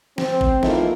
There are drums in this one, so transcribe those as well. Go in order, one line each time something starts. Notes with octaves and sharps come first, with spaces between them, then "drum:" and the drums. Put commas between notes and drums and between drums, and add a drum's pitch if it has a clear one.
C4, drum: snare
drum: kick
E2 A3 A#3 D#4 F4 D#5, drum: snare